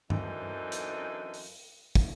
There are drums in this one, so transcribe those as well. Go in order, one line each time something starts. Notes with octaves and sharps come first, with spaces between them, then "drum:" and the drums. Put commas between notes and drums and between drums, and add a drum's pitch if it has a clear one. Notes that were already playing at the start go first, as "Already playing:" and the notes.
F#2 D3 E3 C4 D#4, drum: tom G2
drum: hi-hat
drum: open hi-hat
drum: kick, open hi-hat